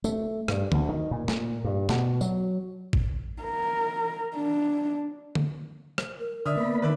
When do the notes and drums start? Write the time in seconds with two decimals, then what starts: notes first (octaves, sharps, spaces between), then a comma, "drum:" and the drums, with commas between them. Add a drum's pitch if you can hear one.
0.04 A3, drum: tambourine
0.48 G2, drum: rim click
0.72 D2, drum: tom D3
0.89 D#3
1.11 A#2
1.28 A#2, drum: snare
1.64 G2
1.89 B2, drum: snare
2.21 F#3, drum: tambourine
2.93 drum: kick G#1
3.43 A#4
4.36 D4
5.35 drum: tom D3
5.98 drum: rim click
6.20 A#4
6.46 D3 D5 E5 D#6 F6
6.57 A#3 B3 B5
6.82 D#3 B4 D5 E5